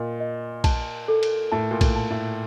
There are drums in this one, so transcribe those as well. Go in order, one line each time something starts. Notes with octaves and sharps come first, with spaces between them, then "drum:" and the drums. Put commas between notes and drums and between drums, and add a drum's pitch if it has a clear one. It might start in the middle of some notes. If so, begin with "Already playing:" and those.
Already playing: A#2 D#5
D#5
A5, drum: kick A#1, cymbal
A4
drum: cymbal
A2 A5
A#2
A2, drum: kick A#1, cymbal
A5
A2